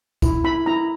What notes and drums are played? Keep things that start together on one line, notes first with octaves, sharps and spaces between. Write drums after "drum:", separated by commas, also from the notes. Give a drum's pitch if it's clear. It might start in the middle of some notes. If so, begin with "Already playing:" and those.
E4, drum: kick, tambourine
E4 B5
E4 A#5